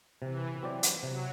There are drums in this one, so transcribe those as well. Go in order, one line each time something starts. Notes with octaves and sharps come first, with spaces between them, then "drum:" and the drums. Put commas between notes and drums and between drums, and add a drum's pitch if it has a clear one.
C3 E3
F#3 C4 G4 D5
drum: hi-hat
C3 F#3